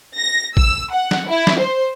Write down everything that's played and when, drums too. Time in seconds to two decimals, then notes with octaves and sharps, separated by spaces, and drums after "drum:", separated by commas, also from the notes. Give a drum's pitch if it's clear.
0.18 A#6
0.57 E6, drum: kick
0.92 F#5
1.11 drum: snare
1.29 E4
1.47 drum: snare
1.59 C5